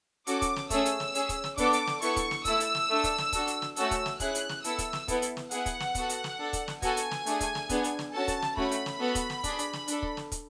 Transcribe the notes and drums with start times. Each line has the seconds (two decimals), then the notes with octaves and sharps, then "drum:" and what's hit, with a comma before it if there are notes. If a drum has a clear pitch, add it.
0.27 C#4 F#4 A4 D6, drum: hi-hat
0.42 drum: kick, hi-hat
0.56 drum: snare
0.70 A3 C#4 G#4 E6, drum: kick, hi-hat
0.85 drum: hi-hat
1.00 drum: snare
1.15 C#4 G#4, drum: hi-hat
1.29 drum: kick, hi-hat
1.44 drum: snare
1.58 B3 D4 A4 D6, drum: kick, hi-hat
1.73 drum: hi-hat
1.87 drum: snare
2.02 B3 E4 A4 C#6, drum: hi-hat
2.16 drum: kick, hi-hat
2.31 drum: snare
2.45 A3 E4 A4 E6, drum: kick, hi-hat
2.60 drum: hi-hat
2.75 drum: snare
2.90 A3 D4 A4
3.04 drum: kick, hi-hat
3.18 drum: snare
3.32 D4 F#4 A4, drum: kick, hi-hat
3.47 drum: hi-hat
3.62 drum: snare
3.76 A3 C#4 F#4 A4 E6, drum: hi-hat
3.91 drum: kick, hi-hat
4.06 drum: snare
4.20 C#4 E4 G#4 F#6, drum: kick, hi-hat
4.35 drum: hi-hat
4.49 drum: snare
4.64 B3 E4 A4 E6, drum: hi-hat
4.78 drum: kick, hi-hat
4.93 drum: snare
5.08 B3 E4 A4, drum: kick, hi-hat
5.22 drum: hi-hat
5.37 drum: snare
5.51 B3 E4 G#4 F#5, drum: hi-hat
5.66 drum: kick, hi-hat
5.80 drum: snare
5.95 B3 F#4 A4, drum: kick, hi-hat
6.09 drum: hi-hat
6.24 drum: snare
6.39 D4 A4
6.53 drum: kick, hi-hat
6.68 drum: snare
6.82 B3 F#4 A4 G#5, drum: kick, hi-hat
6.97 drum: hi-hat
7.11 drum: snare
7.26 A3 D4 G#4, drum: hi-hat
7.40 drum: kick, hi-hat
7.55 drum: snare
7.69 B3 D4 G#4, drum: kick, hi-hat
7.84 drum: hi-hat
7.99 drum: snare
8.13 C#4 F#4 A4 A5
8.28 drum: kick, hi-hat
8.42 drum: snare
8.57 A3 C#4 F#4 B5, drum: kick
8.71 drum: hi-hat
8.86 drum: snare
9.00 B3 F#4 A4
9.15 drum: kick, hi-hat
9.30 drum: snare
9.44 D4 G#4, drum: kick, hi-hat
9.59 drum: hi-hat
9.73 drum: snare
9.88 D4 A4, drum: hi-hat
10.02 drum: kick
10.17 drum: snare
10.32 drum: kick, hi-hat